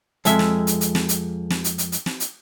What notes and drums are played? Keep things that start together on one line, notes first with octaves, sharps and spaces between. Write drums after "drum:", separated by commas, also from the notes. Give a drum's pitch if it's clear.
F2 G#3 E5, drum: hi-hat
drum: snare
drum: hi-hat
drum: hi-hat
drum: snare
drum: hi-hat
drum: snare
drum: hi-hat
drum: hi-hat
drum: hi-hat
drum: snare
drum: hi-hat